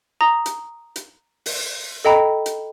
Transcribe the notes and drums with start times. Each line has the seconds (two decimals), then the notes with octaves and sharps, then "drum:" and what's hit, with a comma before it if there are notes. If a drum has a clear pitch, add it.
0.21 A#5 D#6 A#6
0.46 drum: hi-hat
0.96 drum: hi-hat
1.46 drum: open hi-hat
2.05 A4 D#5 G5 A#5 B5
2.46 drum: hi-hat